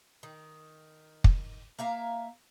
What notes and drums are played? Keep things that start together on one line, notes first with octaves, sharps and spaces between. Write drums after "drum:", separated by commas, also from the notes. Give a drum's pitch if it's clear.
D#3
drum: kick
A#3 E5 F5 A#5